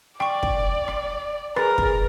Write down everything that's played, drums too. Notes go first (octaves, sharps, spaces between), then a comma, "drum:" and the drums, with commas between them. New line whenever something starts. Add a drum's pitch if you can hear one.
D5 G5 C#6, drum: rim click
drum: kick
drum: rim click
G#4 A#4 B4 A6, drum: rim click
drum: kick